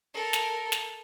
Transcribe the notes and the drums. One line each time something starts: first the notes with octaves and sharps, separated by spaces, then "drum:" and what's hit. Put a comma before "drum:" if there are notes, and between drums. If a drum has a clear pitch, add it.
A4 A#4
drum: snare
drum: snare